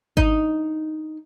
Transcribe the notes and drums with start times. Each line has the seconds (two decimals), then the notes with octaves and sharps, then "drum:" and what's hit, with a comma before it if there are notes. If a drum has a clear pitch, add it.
0.17 D#4, drum: kick G#1